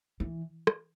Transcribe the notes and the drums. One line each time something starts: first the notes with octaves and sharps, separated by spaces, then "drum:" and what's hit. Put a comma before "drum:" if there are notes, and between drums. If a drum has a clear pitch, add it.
E3
drum: rim click